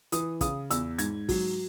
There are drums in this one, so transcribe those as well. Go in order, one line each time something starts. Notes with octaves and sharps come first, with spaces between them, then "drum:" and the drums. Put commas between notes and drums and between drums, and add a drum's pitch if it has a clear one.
E3 D#6, drum: hi-hat
C#3 D#6, drum: kick, hi-hat
E2 E6, drum: hi-hat
G#2 G#6, drum: hi-hat
F#3, drum: kick, open hi-hat